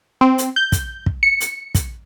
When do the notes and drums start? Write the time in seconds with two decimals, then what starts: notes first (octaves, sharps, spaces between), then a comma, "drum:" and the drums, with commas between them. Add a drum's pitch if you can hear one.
0.21 C4
0.38 drum: hi-hat
0.56 G6
0.72 drum: kick, hi-hat
1.06 drum: kick
1.23 C#7
1.40 drum: hi-hat
1.75 drum: kick, hi-hat